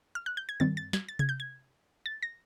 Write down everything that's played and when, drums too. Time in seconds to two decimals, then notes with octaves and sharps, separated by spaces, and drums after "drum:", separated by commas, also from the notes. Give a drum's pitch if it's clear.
0.15 F6
0.26 F#6
0.37 G6
0.49 G#6
0.60 G2 D#3 G3 C4 A6
0.77 A6
0.93 G#6, drum: snare
1.09 A6
1.19 G#6, drum: tom C3
1.29 G6
1.40 G#6
2.06 A6
2.23 A#6